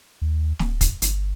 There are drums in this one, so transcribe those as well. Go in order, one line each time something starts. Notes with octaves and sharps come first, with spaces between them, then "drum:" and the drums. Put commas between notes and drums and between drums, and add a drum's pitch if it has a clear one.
D#2
D1, drum: snare
drum: kick, hi-hat
G1, drum: hi-hat